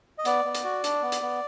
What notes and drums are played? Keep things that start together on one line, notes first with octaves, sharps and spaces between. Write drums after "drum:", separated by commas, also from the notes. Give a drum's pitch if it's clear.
D#5
B3 D5, drum: hi-hat
B3
drum: hi-hat
F#4
D4, drum: hi-hat
B3
drum: hi-hat
B3